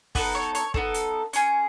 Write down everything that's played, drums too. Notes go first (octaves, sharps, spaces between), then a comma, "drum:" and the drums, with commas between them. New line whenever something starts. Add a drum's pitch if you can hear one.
B3 D#4 A4 B4, drum: kick, open hi-hat
C#5
C#5, drum: hi-hat
B3 D#4 A4, drum: kick
drum: hi-hat
C#4 G#4, drum: hi-hat